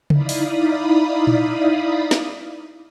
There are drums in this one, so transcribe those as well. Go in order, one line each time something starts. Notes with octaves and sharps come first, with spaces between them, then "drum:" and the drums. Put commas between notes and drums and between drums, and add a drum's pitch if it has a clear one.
D#4 E4 D5 F5 B5 D#6, drum: tom C#3
drum: open hi-hat
drum: tom A#2
drum: snare